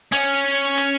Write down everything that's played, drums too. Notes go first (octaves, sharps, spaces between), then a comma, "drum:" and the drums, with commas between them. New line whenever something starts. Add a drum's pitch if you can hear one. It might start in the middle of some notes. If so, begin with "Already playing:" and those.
C#4, drum: open hi-hat
drum: hi-hat